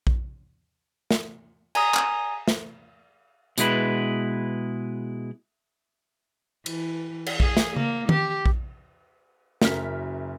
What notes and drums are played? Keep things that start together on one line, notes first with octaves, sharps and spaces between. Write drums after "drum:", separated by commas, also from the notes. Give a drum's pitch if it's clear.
drum: kick A#1
drum: snare
G#5 A#5 D#6, drum: cymbal
drum: clap
drum: snare
B2 G#3 E4 B4, drum: hi-hat
E3, drum: cymbal
drum: cymbal
G#4, drum: kick A#1
drum: snare
A#3, drum: tom C#3
G4, drum: tom D#3
drum: kick A#1
F#1 F#2 A#4 F6 B6, drum: snare